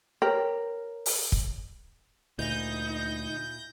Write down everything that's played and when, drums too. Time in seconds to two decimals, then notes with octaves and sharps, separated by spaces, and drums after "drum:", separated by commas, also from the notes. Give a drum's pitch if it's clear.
0.22 G4 A#4 B4 C#5 D#5
1.06 drum: open hi-hat
1.32 drum: kick
2.39 D2 A#2 D#4 E4 G6 A#6